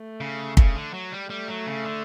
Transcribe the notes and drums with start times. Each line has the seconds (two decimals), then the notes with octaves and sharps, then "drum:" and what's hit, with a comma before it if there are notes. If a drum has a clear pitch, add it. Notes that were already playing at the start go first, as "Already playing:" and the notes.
Already playing: A3
0.20 C#3
0.57 C#3, drum: kick
0.75 D3
0.94 F#3
1.12 G3
1.30 G3 A3
1.48 F#3
1.66 C#3
1.85 D3